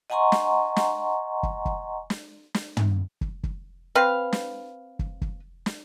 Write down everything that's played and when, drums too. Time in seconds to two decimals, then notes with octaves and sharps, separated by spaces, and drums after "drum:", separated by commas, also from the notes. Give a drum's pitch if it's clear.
0.10 D#5 F#5 G#5 A#5 C6 C#6
0.32 drum: snare
0.76 drum: snare
1.43 drum: kick
1.65 drum: kick
2.10 drum: snare
2.54 drum: snare
2.77 drum: tom
3.21 drum: kick
3.43 drum: kick
3.95 C4 B4 F5
4.32 drum: snare
4.99 drum: kick
5.22 drum: kick
5.66 drum: snare